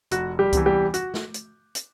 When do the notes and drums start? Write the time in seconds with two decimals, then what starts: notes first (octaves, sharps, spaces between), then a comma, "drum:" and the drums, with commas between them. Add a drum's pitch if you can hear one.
0.11 F1 F#4, drum: hi-hat
0.39 G3 G4
0.53 E2 C3 E3, drum: kick C#2, hi-hat
0.66 G3 G4
0.94 F#4, drum: hi-hat
1.14 drum: snare
1.34 drum: hi-hat
1.75 drum: hi-hat